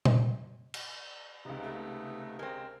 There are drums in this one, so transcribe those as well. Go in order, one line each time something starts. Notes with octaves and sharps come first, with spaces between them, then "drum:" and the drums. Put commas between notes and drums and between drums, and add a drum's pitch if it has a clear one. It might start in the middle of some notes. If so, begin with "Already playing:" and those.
drum: tom A#2
drum: cymbal
C#2 C3 B3 D#4
A3
G#3 C4 A#4